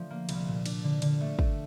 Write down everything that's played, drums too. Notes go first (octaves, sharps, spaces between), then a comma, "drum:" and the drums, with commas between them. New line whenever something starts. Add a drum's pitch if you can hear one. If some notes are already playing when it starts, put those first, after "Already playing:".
Already playing: D3 F3 A3 D4
A#3
C2, drum: cymbal
A#2
D4, drum: cymbal
D3
D3, drum: cymbal
A3
A3, drum: kick